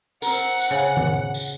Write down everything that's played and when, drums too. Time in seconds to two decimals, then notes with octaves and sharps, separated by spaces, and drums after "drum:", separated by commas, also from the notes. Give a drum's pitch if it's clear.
0.22 C4 A#4 F#5, drum: tambourine
0.59 drum: tambourine
0.70 C#3
0.97 drum: tom D#3
1.34 drum: tambourine